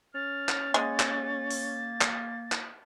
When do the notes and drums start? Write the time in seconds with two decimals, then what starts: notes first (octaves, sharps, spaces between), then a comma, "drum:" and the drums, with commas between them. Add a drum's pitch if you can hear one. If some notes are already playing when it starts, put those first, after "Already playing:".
0.15 C#4 F6 A6
0.49 drum: clap
0.74 G#3 A#3
1.00 drum: clap
1.50 drum: open hi-hat
2.01 drum: clap
2.52 drum: clap